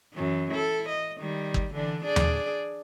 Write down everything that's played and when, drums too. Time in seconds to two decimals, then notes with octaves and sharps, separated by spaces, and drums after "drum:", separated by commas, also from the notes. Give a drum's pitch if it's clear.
0.14 F#2 E3
0.51 E4 A4
0.89 D#5
1.20 D#3 G3
1.54 drum: kick
1.74 D3 E3 D4
2.05 D4 G#4 D5
2.16 drum: tom D#2